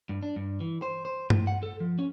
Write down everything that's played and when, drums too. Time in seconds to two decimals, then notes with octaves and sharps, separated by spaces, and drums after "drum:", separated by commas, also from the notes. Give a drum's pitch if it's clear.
0.09 G2
0.23 D4
0.36 G2
0.60 E3
0.82 C5
1.05 C5
1.30 A2, drum: tom G2
1.47 F#5
1.63 A4
1.80 F3
1.99 C#4